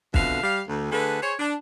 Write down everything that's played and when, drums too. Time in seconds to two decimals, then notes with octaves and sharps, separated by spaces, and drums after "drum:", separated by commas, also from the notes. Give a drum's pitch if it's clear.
0.14 F2 B2 D3 E5 F5, drum: kick
0.43 G3 F5
0.68 D2
0.92 D3 A3 G#4 A4 B4
1.21 G#4 C5 C#5
1.39 D4